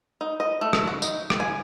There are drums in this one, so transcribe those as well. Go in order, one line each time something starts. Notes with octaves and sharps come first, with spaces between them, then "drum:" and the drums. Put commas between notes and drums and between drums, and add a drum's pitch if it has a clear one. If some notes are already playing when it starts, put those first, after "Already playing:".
D#4
D#5
A3
drum: rim click
F#4
D#4, drum: tambourine
drum: rim click
G#5